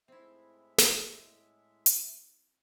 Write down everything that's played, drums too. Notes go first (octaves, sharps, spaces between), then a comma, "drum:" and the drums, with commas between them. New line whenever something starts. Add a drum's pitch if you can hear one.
A2 G#3 C4 E4 E5
drum: snare
drum: hi-hat